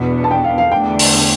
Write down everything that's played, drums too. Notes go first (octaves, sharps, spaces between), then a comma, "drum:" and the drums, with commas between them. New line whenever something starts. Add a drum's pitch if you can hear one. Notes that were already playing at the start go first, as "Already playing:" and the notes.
Already playing: E2 B2 B3 D4
A5
G5
F5
F5
E2 D3 A3 D4 G5
drum: open hi-hat